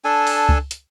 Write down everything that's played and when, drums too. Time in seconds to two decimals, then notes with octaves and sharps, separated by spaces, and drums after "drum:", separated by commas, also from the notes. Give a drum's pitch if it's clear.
0.05 D4 A4 G#5
0.27 drum: open hi-hat
0.49 drum: kick C#2
0.71 drum: hi-hat